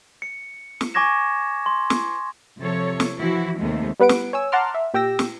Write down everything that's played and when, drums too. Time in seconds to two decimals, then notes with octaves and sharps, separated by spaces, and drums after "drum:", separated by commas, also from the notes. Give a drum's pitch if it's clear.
0.22 C#7
0.81 drum: snare
0.94 G#5 C#6 D6 G#6 A#6 E7
1.66 C6
1.90 drum: snare
2.59 C3 F3 A4 C#5
3.00 drum: snare
3.19 E3 F3 E4 F#4
3.60 D#2 C3 G#3 A3
4.00 G3 B3 B4 F#5 D7
4.09 drum: snare
4.33 C#5 G#5 E6
4.52 F#5 A5 A#5 C6 D6 F6
4.74 E5
4.94 A#2 G4 G5 E6 A#6
5.19 drum: snare